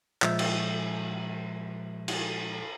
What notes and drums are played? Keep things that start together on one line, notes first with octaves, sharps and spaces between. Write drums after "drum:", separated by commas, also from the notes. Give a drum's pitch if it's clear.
A#2 F3 G#3 E5 E6 G6, drum: clap
drum: cymbal
drum: cymbal